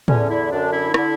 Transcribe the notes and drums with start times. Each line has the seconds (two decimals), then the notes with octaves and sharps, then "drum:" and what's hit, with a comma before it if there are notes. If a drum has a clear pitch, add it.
0.08 E2 D3 C#4, drum: tom A2
0.29 E4
0.52 F#2 D3 D4
0.72 E4
0.94 D3 E4, drum: rim click